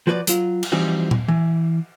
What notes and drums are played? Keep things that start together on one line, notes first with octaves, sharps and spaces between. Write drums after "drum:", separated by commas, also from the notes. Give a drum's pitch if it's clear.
F3 F#4 B4 C#5 D5
F#3 F4, drum: hi-hat
drum: cymbal
E3 F3 G3 C4 D#4 F#4
drum: tom A#2
E3